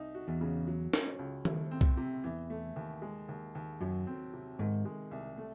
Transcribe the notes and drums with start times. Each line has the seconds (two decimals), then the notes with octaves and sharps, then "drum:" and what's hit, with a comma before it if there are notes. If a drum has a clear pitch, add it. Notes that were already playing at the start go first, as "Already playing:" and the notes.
Already playing: C2 D#4
0.15 F#4
0.28 E2
0.41 C#3
0.67 F#3
0.94 C#4, drum: snare
1.19 C#2
1.45 A3, drum: tom D#3
1.71 C4
1.81 drum: kick C2
1.97 C3
2.24 E2 E3
2.50 A3
2.76 D#2
3.02 G#3
3.29 D#2
3.55 D#2
3.81 F#2 F#3
4.07 C4
4.33 C3
4.59 G#2 D#3
4.85 G#3
5.11 C2
5.37 A3